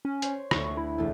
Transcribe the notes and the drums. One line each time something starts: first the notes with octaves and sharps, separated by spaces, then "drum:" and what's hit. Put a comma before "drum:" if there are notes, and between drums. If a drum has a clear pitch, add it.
C#4
C5 C#5, drum: hi-hat
D2 A3 C#6, drum: rim click
E4
E1 A3